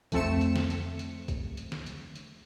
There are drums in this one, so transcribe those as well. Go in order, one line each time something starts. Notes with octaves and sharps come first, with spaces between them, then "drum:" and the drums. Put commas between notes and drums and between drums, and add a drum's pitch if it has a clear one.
F2 A3 C4 C#7 E7, drum: kick, hi-hat
drum: hi-hat
drum: snare
drum: hi-hat
drum: hi-hat
drum: kick, hi-hat
drum: hi-hat
drum: snare
drum: hi-hat
drum: hi-hat